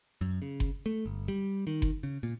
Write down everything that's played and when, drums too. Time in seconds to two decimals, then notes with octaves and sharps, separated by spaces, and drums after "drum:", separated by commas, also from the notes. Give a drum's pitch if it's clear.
0.21 F#2
0.42 C#3
0.60 drum: kick F#1
0.86 A3
1.06 G1
1.28 G3
1.67 D#3
1.82 drum: kick F#1
2.03 C#3
2.23 A#2